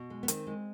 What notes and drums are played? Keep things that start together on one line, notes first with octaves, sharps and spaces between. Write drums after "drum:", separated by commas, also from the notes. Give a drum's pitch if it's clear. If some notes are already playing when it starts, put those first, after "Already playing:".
Already playing: B2
G#3
B3
D#3 C4, drum: hi-hat
G#3